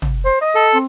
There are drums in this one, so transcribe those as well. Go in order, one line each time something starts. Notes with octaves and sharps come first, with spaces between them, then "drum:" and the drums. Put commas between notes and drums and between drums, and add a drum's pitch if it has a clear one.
drum: tom
C5
D#5
A4
C4